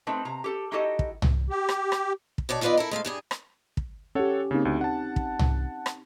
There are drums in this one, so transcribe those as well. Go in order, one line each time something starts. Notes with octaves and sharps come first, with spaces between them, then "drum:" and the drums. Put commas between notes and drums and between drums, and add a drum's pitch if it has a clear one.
A3 C4 D#4 B4
C3 A#5
G4 A4
D#4 E4 F#4 G4 A4 D#5
drum: kick
drum: tom
G4
drum: rim click
drum: rim click
drum: kick
B2 C#5 D5 A5
D#3 B3 F4 B4 D5 D#5
E4 A4 A#4
G#3 A3 C5 F5
G2 G3 G#4
drum: rim click
drum: kick
C#4 G4 A4 C#5 F#5
C#3 A#3 C4 D#4
D2
F#5 A5
drum: kick
drum: tom
drum: rim click